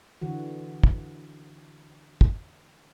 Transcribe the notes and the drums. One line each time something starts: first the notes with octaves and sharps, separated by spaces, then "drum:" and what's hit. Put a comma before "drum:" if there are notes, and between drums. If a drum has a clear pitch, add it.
D3 E3 F#4
drum: kick
drum: kick